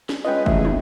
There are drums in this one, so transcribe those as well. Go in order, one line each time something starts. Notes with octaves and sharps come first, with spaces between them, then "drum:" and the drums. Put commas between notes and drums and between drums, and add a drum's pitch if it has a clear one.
drum: snare
G#3 C#4 F4 B4 D#5 G5
A1 G#4 E5, drum: kick
drum: tom